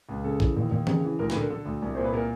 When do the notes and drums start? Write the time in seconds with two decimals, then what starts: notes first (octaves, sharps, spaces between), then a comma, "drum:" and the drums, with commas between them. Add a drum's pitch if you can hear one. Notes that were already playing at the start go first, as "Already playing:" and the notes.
0.09 C#2
0.24 C#3 A4
0.40 E3, drum: kick A#1
0.57 D#2
0.71 D#2
0.87 C#3, drum: tom E3
1.04 E3
1.19 D2 A#4
1.30 B4, drum: snare
1.35 D3 A#4
1.50 D3 A4
1.66 D2
1.82 C2
1.95 A#2 C5
2.04 B4
2.13 A#2 A#4